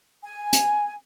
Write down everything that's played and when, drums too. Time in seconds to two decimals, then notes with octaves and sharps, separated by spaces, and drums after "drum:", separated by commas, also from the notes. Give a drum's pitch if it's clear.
0.23 G#5
0.53 drum: hi-hat